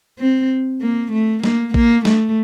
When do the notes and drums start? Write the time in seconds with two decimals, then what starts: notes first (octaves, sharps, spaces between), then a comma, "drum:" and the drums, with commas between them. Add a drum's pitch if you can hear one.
0.19 C4
0.81 A#3
1.12 A3
1.44 A#3, drum: snare
1.74 A#3, drum: kick A1
2.05 A3, drum: snare